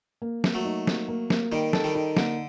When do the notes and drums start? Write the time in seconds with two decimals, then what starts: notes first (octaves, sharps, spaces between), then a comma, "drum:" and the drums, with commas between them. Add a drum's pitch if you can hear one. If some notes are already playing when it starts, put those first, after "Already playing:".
0.22 A#3
0.44 A#3, drum: snare
0.55 F#3 A3
0.65 D#4
0.87 A#3, drum: snare
1.08 A#3
1.30 A#3, drum: snare
1.52 D#3 G3 D#4
1.73 A4, drum: snare
1.84 D#3 G3
1.95 D#4
2.17 D3 A#3, drum: snare